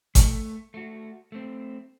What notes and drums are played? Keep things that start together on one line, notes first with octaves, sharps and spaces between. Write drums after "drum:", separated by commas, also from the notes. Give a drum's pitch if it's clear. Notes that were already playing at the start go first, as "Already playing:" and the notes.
A3, drum: kick G1, hi-hat
A3 F#4
A3 C4